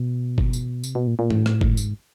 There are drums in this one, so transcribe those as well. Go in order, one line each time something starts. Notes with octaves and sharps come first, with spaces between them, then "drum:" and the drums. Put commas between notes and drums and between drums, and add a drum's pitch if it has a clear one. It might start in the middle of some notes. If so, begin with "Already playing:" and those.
Already playing: B2
drum: kick
drum: tambourine
C3, drum: tambourine
B2
A#2
A#2
A2, drum: tom
drum: rim click
drum: kick
G#2, drum: tambourine